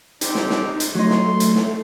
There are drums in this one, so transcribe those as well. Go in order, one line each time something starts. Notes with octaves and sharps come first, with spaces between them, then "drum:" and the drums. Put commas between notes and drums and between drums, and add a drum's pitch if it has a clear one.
C4 D4 D#4 G4, drum: hi-hat
drum: snare
drum: snare
drum: hi-hat
F#3 A3 D#4 C6
drum: snare
drum: hi-hat
drum: snare